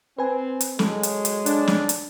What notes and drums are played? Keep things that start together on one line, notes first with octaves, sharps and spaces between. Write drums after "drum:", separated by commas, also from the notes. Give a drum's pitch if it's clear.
C4 B4 G#5
drum: hi-hat
F#3 G#3 A4, drum: snare
drum: hi-hat
drum: hi-hat
D4, drum: hi-hat
drum: snare
drum: hi-hat